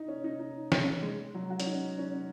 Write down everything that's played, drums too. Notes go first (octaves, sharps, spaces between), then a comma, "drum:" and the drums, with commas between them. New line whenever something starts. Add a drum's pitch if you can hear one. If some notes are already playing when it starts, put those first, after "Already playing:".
Already playing: D#4
C#4
D#4
D#4
C#4, drum: snare
G#3
F#3
F#4
C#4, drum: hi-hat
D#4
C#4